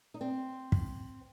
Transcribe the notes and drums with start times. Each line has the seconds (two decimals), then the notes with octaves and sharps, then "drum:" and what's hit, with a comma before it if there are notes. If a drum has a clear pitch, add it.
0.14 D#4
0.21 C4
0.72 drum: kick